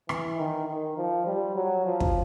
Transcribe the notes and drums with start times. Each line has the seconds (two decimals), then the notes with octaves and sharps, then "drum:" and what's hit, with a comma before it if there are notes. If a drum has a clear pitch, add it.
0.09 E3, drum: rim click
0.39 D#3
0.69 D#3
0.98 F3
1.27 G3
1.55 F#3
1.85 F3
2.00 drum: kick